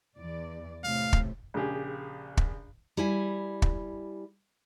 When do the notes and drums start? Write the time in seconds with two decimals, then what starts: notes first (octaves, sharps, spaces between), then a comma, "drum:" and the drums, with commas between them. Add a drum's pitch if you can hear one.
0.17 E2 D5
0.84 A2 C3 A3 F5
1.13 drum: kick
1.54 A#1 C#3 G4 G#4
2.37 drum: kick
2.97 G3 E4 G#5
3.62 drum: kick